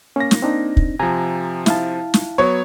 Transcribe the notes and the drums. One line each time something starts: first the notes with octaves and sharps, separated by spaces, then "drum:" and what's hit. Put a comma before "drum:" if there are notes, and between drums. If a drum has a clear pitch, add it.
A#3 C#4 A#6
drum: snare
C4 D4 D#4
drum: kick
C3 F3 G#5 A#5
E4 F5 A5, drum: snare
drum: snare
F#3 B3 C#5